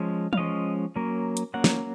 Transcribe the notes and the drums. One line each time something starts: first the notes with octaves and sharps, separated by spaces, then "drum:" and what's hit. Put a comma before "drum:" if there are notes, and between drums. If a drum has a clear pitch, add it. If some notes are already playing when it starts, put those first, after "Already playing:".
Already playing: F3 G#3 C#4
F5, drum: tom E3
F3 G#3 C#4 D#5
F#3 A#3 C#4
drum: hi-hat
F#3 A#3 C#4 F#5
drum: snare